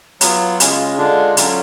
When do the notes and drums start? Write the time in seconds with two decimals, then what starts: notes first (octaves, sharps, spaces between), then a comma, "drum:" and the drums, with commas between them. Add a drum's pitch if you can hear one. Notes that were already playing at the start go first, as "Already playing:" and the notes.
0.21 F#3 B3 F4, drum: hi-hat
0.60 C#3 G#3 C#4 F4, drum: hi-hat
0.98 D3 G#3 D4 F4
1.37 D3 F#3 C#4 F4, drum: hi-hat